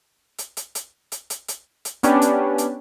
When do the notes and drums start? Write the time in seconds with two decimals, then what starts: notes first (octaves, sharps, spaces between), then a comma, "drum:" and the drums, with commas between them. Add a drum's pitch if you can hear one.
0.38 drum: hi-hat
0.57 drum: hi-hat
0.75 drum: hi-hat
1.12 drum: hi-hat
1.30 drum: hi-hat
1.48 drum: hi-hat
1.85 drum: hi-hat
2.03 B3 C#4 D4 G4 B4, drum: hi-hat
2.22 drum: hi-hat
2.58 drum: hi-hat